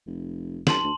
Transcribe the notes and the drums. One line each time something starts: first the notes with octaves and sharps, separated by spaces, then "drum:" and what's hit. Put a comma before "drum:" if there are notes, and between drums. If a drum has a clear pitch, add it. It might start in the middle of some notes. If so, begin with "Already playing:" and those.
F1
F#2 A5 C6 F#7, drum: snare
D2